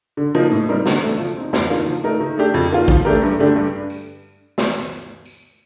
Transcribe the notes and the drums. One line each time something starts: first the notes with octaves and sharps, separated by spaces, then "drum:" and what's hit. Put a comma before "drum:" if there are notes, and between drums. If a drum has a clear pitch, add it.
D3
F3 A#3 D#4
A2, drum: tambourine
G3 C4 D#4 A#4
D3, drum: snare
A3 D4
F3, drum: tambourine
C4 D#4
F2, drum: snare
D#3 A#3 D4 F4
F3, drum: tambourine
A3 D#4 A#4
D#3
A3 D4 G4
F2, drum: tambourine
D#3 A#3 F4
F3, drum: kick
A3 D4 G4 A#4
G2, drum: tambourine
D3 A3 D4 G4
G2
drum: tambourine
drum: snare
drum: tambourine